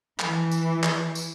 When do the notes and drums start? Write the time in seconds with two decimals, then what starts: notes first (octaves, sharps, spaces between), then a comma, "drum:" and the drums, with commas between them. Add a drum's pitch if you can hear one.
0.19 E3, drum: clap
0.52 drum: tambourine
0.83 drum: clap
1.15 drum: tambourine